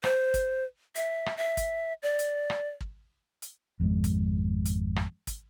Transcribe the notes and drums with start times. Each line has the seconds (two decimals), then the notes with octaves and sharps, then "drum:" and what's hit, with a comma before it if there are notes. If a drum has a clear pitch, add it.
0.04 C5, drum: rim click
0.34 drum: kick, hi-hat
0.96 E5, drum: hi-hat
1.26 drum: rim click
1.37 E5
1.57 drum: kick, hi-hat
2.03 D5
2.19 drum: hi-hat
2.50 drum: rim click
2.81 drum: kick
3.42 drum: hi-hat
3.80 G#1 F2 B2 G#3
4.04 drum: kick, hi-hat
4.66 drum: hi-hat
4.96 drum: rim click
5.27 drum: kick, hi-hat